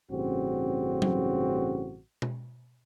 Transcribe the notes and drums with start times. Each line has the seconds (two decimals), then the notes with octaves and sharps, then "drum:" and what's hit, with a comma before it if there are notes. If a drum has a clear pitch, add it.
0.12 A1 G2 C#3 C4 F#4
1.02 drum: tom F#3
2.22 drum: tom B2